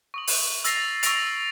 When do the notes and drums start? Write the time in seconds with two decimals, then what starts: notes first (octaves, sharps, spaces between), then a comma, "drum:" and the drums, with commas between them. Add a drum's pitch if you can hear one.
0.14 C#6 D#6 F#7
0.27 drum: open hi-hat
0.64 E6 A6 A#6 C7 F7, drum: hi-hat
1.03 C#6 E6 A#6 C7 D7 F7, drum: hi-hat